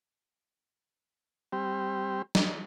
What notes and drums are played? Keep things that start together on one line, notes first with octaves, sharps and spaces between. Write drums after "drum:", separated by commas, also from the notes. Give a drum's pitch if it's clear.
G3 C4 G4
drum: snare